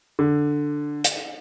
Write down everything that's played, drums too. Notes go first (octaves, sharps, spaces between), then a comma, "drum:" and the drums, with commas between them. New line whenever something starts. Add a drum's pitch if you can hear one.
D3
drum: hi-hat